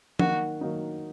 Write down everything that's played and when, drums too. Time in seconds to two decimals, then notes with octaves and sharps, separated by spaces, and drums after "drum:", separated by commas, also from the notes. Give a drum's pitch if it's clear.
0.19 D#3 F#3 A#3 D#4 F#4, drum: tom
0.61 D#3 F#3 A#3 D#4